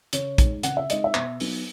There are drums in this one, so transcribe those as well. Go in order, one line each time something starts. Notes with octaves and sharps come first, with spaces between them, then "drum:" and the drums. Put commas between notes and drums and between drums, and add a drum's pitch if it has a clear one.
C#3 C#5, drum: hi-hat
G#3 D#4, drum: kick, hi-hat
C#3 F#5, drum: hi-hat
E5
G#3 D#4 D#5, drum: hi-hat
E5
B2, drum: clap
F#3 B3 D#4, drum: open hi-hat